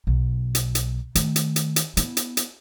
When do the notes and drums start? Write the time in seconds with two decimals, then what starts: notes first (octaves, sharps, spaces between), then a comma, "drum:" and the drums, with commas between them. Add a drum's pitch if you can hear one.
0.07 B1
0.55 drum: hi-hat
0.75 drum: hi-hat
1.15 D#3 A3, drum: hi-hat
1.36 drum: hi-hat
1.56 drum: hi-hat
1.76 drum: hi-hat
1.97 B3 E4, drum: hi-hat
2.17 drum: hi-hat
2.37 drum: hi-hat